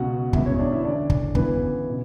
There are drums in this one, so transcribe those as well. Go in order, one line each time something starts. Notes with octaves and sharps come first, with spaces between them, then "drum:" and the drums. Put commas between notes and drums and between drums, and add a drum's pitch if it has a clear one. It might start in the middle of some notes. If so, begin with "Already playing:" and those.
Already playing: C#2 B2 F#4 F#5
E2 B2 E4 E5, drum: kick
C#4 C#5
D4 D5
E4 E5
D2 D3 D4 D5
drum: kick
D2 C#3 E3 B3 B4, drum: kick
B2